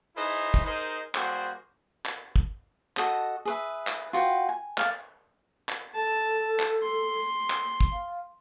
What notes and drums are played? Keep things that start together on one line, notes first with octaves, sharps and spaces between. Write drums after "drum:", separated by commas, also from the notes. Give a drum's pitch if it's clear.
D#4 E4 G#4 B4 C5 D#5
drum: kick
D#4 G#4 A#4 C5 D#5
G3 A#3 F#4 G#4 C5, drum: clap
drum: clap
drum: kick
F#4 A4 D#5 F#5, drum: clap
G#4 B4 E5
drum: clap
F4 F#4 B4 G5
G#5
D5 F5, drum: clap
drum: clap
A4 A5
drum: clap
C6
drum: clap
drum: kick
F5